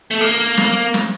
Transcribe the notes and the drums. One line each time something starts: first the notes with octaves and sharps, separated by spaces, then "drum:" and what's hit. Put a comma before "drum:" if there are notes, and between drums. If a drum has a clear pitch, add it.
A3
A#3
drum: snare
drum: snare